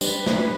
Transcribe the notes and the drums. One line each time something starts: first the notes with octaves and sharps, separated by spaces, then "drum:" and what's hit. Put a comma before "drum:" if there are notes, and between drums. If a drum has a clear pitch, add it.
G3 D4 G4 B4 C5, drum: tambourine
drum: snare